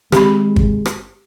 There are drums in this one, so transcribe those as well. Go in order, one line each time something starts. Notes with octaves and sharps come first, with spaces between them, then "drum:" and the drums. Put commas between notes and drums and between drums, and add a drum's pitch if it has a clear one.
D#3 G#3 C4 G4 B5, drum: rim click
drum: kick
drum: rim click